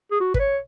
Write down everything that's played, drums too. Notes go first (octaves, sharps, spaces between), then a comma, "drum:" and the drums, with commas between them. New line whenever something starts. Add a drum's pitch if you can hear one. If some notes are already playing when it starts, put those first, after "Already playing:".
G#4
F#4
B4, drum: kick
C#5